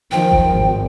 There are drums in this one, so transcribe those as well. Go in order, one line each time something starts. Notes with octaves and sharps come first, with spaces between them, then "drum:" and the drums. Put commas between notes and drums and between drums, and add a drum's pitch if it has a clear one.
D#3 F3 G5
drum: kick F#1
G#1